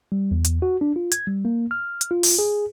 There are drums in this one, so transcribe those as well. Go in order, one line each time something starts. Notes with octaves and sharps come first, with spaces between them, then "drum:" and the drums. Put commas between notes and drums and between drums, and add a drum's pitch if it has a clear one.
G3
E2
drum: hi-hat
F#4
D4
F4
G#6, drum: hi-hat
G3
A#3
F6
drum: hi-hat
F4
drum: open hi-hat
G#4